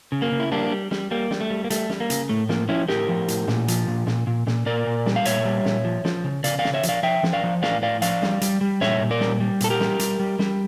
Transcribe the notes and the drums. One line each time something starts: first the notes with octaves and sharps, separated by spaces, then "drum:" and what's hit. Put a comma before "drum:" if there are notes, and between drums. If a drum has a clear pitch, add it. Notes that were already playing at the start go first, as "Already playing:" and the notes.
C#3
A#3
C#3
E4
G3 A#3 D4
G3
G3, drum: snare
G3 A#3
G3, drum: snare
A3
G3
A#3
G3 A3, drum: hi-hat
G3, drum: snare
A#3
C#3, drum: hi-hat
A2 A3
F3 A#3, drum: snare
F3 C#4 E4
A2 G4 A#4, drum: snare
F3
A2, drum: hi-hat
A#2, drum: snare
F3, drum: hi-hat
A#2
A#2, drum: snare
A#2
A#2, drum: snare
A#2 A#4 D5
A#2
G3, drum: snare
F5
A#2 C#5 E5, drum: hi-hat
G3
A#2, drum: snare
F3
F3, drum: snare
C#3
C#3 D5 F5, drum: hi-hat
D5 F5
C#3, drum: snare
C#5 E5
F3, drum: hi-hat
D5 F5
F3 E5 G5
F3, drum: snare
D5 F5
F3
A2 D5 F5, drum: snare
A2 D5 F5
F3 D5 F5, drum: hi-hat
G3, drum: snare
G3, drum: hi-hat
G3
A#2 C#5 E5, drum: snare
A#2
A#4 D5
G3, drum: snare
G3
A#2 A4, drum: hi-hat
G4 A#4
G3, drum: snare
G3, drum: hi-hat
G3
G3, drum: snare